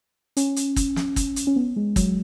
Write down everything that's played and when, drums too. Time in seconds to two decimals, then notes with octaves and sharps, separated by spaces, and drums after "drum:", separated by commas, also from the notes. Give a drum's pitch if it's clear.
0.37 C#4, drum: hi-hat
0.56 drum: hi-hat
0.76 drum: kick, hi-hat
0.96 drum: snare
1.16 drum: kick, hi-hat
1.36 drum: hi-hat
1.47 C#4
1.56 B3
1.76 G#3
1.96 F#3, drum: kick, hi-hat